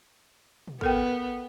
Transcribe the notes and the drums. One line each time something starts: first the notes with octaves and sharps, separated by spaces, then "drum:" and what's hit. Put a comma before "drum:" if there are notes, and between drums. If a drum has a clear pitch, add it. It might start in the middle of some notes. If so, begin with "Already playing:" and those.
drum: tom
B3 A4 A#4 G5, drum: kick